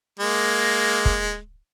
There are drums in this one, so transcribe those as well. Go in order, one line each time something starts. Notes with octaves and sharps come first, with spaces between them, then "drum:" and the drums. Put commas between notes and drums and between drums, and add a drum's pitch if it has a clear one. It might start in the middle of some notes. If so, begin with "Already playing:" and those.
G#3 A#3
drum: kick